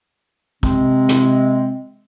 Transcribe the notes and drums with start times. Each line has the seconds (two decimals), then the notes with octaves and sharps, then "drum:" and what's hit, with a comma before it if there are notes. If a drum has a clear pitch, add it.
0.63 C3 G#3 C4, drum: kick
1.09 drum: snare